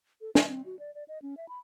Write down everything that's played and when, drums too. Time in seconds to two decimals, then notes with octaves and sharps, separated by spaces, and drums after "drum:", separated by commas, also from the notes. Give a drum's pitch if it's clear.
0.21 A4
0.35 E5, drum: snare
0.48 C4
0.66 F#4
0.79 D5
0.95 D5
1.08 D#5
1.22 C#4
1.37 E5
1.49 B5